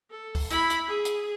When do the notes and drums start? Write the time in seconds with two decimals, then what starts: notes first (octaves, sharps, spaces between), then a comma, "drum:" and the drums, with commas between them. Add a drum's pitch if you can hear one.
0.11 A4
0.35 drum: kick, open hi-hat
0.50 E4 B5, drum: hi-hat
0.70 drum: hi-hat
0.88 G#4
1.05 drum: hi-hat